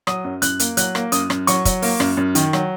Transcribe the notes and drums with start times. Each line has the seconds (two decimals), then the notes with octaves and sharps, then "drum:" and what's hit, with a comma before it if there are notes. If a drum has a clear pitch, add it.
0.07 F#3 D#6, drum: rim click
0.24 F#2
0.42 F#2 F#6, drum: hi-hat
0.60 A#3, drum: hi-hat
0.77 F#3 F#6, drum: hi-hat
0.95 A#3, drum: rim click
1.12 F#2 D#6, drum: hi-hat
1.30 F#2, drum: rim click
1.47 F#3 C#6, drum: hi-hat
1.65 F#3, drum: kick, hi-hat
1.82 A#3, drum: open hi-hat
2.00 F#2, drum: rim click
2.17 F#2
2.35 D#3, drum: hi-hat
2.53 F#3, drum: rim click